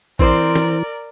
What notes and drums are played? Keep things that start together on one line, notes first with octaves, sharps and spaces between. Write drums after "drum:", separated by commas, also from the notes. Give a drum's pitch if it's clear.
E3 C4 A#4 C5 D5, drum: kick
drum: snare